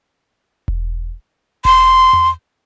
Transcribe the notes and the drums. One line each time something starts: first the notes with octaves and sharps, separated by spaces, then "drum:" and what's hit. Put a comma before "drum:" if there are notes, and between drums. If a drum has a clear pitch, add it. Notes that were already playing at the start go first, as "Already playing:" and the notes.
drum: kick E1
C6, drum: kick E1
drum: tom E2